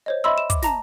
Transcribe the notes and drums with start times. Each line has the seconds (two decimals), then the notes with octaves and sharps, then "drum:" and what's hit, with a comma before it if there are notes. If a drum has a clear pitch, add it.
0.06 C5 C#5 D#5
0.24 D#5 E5 B5 C6 E6
0.38 E7
0.50 D6, drum: kick, hi-hat
0.62 A5 A#5 A#6, drum: snare